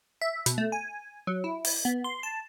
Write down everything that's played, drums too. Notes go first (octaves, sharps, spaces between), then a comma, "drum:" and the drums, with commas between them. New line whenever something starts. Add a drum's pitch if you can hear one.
E5
B2, drum: hi-hat
A3
G#5
F#3
E4
drum: open hi-hat
B3
C6
A5